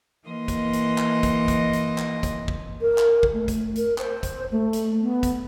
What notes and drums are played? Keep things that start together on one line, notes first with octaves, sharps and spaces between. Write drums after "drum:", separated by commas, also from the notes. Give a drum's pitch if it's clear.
E3 A#3 D#5 C6
drum: kick, hi-hat
drum: hi-hat
drum: clap
drum: kick, hi-hat
drum: kick, hi-hat
drum: hi-hat
drum: clap
drum: kick, hi-hat
drum: kick
A#4
drum: clap
drum: kick
A3
drum: kick, hi-hat
A#4, drum: hi-hat
C5, drum: clap
drum: kick, hi-hat
A3
drum: hi-hat
B3
drum: kick, hi-hat